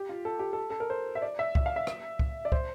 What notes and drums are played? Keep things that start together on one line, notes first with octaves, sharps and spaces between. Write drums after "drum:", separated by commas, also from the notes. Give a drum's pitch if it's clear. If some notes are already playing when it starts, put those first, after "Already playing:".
Already playing: G4
F4
A4
G4
A4
A4
A#4
C5
E5
D5
E5
E5, drum: kick
F5
E5
drum: rim click
drum: kick
D5
C5, drum: kick